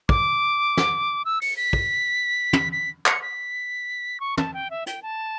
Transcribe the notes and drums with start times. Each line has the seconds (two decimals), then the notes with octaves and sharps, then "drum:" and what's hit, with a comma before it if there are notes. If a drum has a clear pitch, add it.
0.09 D6, drum: kick
0.77 drum: snare
1.25 E6
1.41 C#7, drum: open hi-hat
1.57 B6
1.73 drum: kick
2.53 drum: tom
2.72 B6
3.06 C#7, drum: clap
3.22 B6
4.20 C#6
4.37 A5, drum: tom
4.54 G5
4.70 E5
4.87 G5, drum: hi-hat
5.02 A5